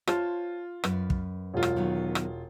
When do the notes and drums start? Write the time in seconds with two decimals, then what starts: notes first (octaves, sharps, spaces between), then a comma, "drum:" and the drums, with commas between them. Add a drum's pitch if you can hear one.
0.07 F4 C5 C#5 A5, drum: rim click
0.84 F#2 B4, drum: rim click
1.10 drum: kick
1.54 E1 F4
1.63 drum: rim click
1.76 D#3 F#3 B3
2.15 drum: rim click